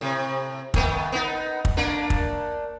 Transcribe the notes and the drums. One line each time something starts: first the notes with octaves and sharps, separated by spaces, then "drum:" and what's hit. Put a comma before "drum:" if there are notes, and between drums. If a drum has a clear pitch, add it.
A2 C3
D#3 A3 B3, drum: kick
B3 D#4
drum: kick
A3 A#3 D4
drum: kick